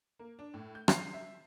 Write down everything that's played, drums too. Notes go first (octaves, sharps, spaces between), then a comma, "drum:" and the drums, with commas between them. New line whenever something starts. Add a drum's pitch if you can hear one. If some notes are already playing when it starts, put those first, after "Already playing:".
A#3
D4
A2
G6
C7, drum: rim click
E5